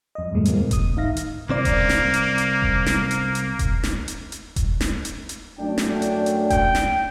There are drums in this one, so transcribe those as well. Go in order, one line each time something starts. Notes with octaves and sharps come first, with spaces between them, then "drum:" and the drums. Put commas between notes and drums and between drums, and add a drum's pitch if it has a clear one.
F2 D#5
E2 G2 A#2 G#3 A3
D#2 A#2 G#3 A#3 C4, drum: hi-hat
G#1 D#6, drum: kick E1, hi-hat
G#1 D#4 E5 F5 A#6
drum: hi-hat
C2 A#3 C4 D5
drum: kick E1, hi-hat
drum: snare
drum: hi-hat
drum: hi-hat
drum: kick E1
drum: snare
drum: hi-hat
drum: hi-hat
drum: kick E1, hi-hat
drum: snare
drum: hi-hat
drum: hi-hat
drum: kick E1, hi-hat
drum: snare
drum: hi-hat
drum: hi-hat
F#2 A3 D4 G5
drum: snare
drum: hi-hat
drum: hi-hat
G5, drum: kick E1, hi-hat
drum: snare